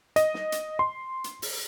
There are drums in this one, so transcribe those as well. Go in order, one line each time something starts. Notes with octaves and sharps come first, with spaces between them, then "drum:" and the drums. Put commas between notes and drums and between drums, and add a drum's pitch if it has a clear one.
D#5, drum: hi-hat
drum: snare
drum: hi-hat
C6
drum: hi-hat
drum: open hi-hat